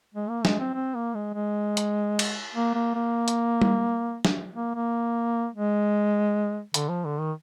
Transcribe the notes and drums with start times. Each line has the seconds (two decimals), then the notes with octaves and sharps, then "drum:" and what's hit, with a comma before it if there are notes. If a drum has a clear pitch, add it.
0.14 G#3
0.29 A#3
0.45 G#3, drum: snare
0.60 C4
0.74 C4
0.95 A#3
1.14 G#3
1.34 G#3
1.77 drum: hi-hat
2.19 drum: cymbal
2.54 A#3
2.74 A#3
2.95 A#3
3.28 drum: hi-hat
3.62 drum: tom G3
4.25 drum: snare
4.54 A#3
4.75 A#3
5.54 G#3
6.74 D3, drum: hi-hat
6.89 F3
7.04 D3
7.19 D#3